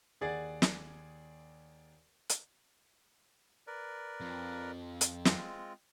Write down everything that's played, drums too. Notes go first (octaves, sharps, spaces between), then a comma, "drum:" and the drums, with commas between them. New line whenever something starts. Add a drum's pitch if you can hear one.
D#2 G#4 D5 F#5 A6
drum: snare
drum: hi-hat
A#4 B4 D5
F2
drum: hi-hat
G#3 C4 F4, drum: snare